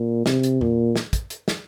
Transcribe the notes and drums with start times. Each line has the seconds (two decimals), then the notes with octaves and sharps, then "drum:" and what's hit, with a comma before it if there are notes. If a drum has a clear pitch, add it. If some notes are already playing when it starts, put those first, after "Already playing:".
Already playing: A#2
0.26 C3, drum: snare
0.43 drum: hi-hat
0.61 A#2, drum: tom E2
0.96 drum: snare
1.13 drum: kick, hi-hat
1.30 drum: hi-hat
1.48 drum: snare